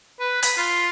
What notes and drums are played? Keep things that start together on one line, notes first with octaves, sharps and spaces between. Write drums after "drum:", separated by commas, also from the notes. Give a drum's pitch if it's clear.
B4
B5, drum: hi-hat
F4